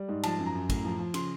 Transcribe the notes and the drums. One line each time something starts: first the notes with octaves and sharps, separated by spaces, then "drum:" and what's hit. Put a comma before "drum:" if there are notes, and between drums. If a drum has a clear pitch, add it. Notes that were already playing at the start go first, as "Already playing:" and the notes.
Already playing: G3
G#2
F3 A5, drum: cymbal
F#2
A#5
F#2
A2, drum: kick, cymbal
F3
F3
C#3 C6, drum: cymbal